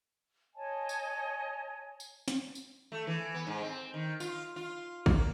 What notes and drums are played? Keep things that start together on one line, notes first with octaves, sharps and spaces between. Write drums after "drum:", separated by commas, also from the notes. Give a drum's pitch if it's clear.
C#5 D#5 G#5 A5
drum: tambourine
drum: tambourine
drum: snare
drum: tambourine
A3
E3
B3
G#2
C4
D#3
F4, drum: tambourine
F4
A#3, drum: kick A#1